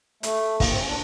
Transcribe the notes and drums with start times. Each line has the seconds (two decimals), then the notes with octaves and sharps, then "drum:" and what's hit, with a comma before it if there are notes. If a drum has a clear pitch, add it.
0.23 A3, drum: hi-hat
0.60 A#3, drum: kick, open hi-hat
0.70 C4
0.79 C#4
0.88 D4